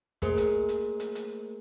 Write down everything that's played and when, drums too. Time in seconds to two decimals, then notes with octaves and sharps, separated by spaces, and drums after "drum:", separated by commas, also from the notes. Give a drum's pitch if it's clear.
0.22 A3 A#3 G#4 A#4 C5, drum: kick, hi-hat
0.37 drum: hi-hat
0.69 drum: hi-hat
1.00 drum: hi-hat
1.15 drum: hi-hat